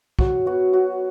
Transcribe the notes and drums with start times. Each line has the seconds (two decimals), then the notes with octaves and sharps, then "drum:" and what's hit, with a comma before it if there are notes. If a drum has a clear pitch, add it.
0.19 F#3 F#4, drum: kick
0.46 B3 F#4
0.73 F#3 F#4